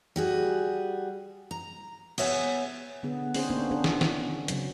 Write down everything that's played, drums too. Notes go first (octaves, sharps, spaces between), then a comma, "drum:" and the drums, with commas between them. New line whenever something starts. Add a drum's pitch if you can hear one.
G3 F#4 G#4
A#5
B3 C#5 E5 G#5, drum: cymbal
D3 B3 G#4
C4 C#4 D#4 G#4 C5, drum: open hi-hat
A#3 B3 C#4 D4 C5
C#4 D4 G#4 C5
drum: snare
C#4, drum: snare
C#3 F#3, drum: hi-hat